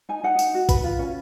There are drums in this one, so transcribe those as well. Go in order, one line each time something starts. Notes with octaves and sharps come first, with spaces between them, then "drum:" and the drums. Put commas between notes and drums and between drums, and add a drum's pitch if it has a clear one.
D#4 G#5
D#4 F#5
D#4, drum: tambourine
F#4
B4, drum: kick A1, tambourine
F4
C#4